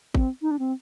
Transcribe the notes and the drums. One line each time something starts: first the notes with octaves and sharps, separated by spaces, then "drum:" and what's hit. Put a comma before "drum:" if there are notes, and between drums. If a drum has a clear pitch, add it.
C4, drum: kick G#1
D#4
D4
C4